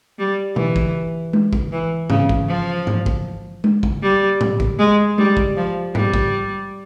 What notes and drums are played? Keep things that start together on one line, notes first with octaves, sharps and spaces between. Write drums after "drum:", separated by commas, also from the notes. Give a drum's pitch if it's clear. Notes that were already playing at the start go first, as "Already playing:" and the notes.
G3
E3, drum: tom B2
drum: kick
drum: tom G#3
drum: kick
E3
C#3, drum: tom G#2
drum: kick
F3
drum: tom G#2
drum: kick
drum: tom G#3
drum: kick
G3
drum: tom A2
drum: kick
G#3
G3, drum: tom G#3
drum: kick
F3
G3, drum: tom G#2
drum: kick